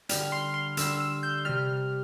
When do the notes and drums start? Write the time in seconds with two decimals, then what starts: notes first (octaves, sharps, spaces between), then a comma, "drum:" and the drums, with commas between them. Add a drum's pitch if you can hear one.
0.09 D3 G3 F6, drum: hi-hat
0.32 C6
0.54 C6
0.77 D3 G3 E6, drum: hi-hat
1.00 E6
1.23 G6
1.45 C3 G3 F6